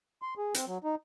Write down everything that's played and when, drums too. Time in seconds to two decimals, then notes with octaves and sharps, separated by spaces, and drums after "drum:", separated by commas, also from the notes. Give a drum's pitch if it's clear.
0.22 C6
0.38 G#4
0.54 C4, drum: hi-hat
0.67 F#3
0.84 D#4